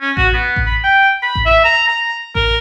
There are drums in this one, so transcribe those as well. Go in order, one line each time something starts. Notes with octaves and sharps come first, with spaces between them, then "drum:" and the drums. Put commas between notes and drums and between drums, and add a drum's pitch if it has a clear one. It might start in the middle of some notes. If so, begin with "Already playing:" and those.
C#4
F#4, drum: kick A1
B3
drum: kick A1
B5
G5
B5
drum: kick A1
E5
A#5
A#5
A#4, drum: kick A1